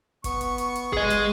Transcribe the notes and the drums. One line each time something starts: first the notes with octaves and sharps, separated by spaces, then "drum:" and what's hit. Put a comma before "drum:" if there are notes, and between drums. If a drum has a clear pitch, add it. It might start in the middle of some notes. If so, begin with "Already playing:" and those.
B3 C#6, drum: kick, hi-hat
drum: hi-hat
drum: hi-hat
drum: hi-hat
G#4 D#5, drum: kick
drum: hi-hat